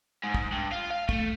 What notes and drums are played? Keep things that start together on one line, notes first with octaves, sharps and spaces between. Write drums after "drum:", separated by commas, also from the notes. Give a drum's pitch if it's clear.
G#2
drum: kick
G2
F4
F5
A3, drum: kick